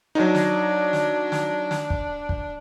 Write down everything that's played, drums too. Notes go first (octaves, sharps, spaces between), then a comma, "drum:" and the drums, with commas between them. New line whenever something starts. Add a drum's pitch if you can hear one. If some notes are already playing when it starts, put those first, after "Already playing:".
F#3 D4 D#4
drum: snare
drum: snare
drum: snare
drum: snare
drum: kick
drum: kick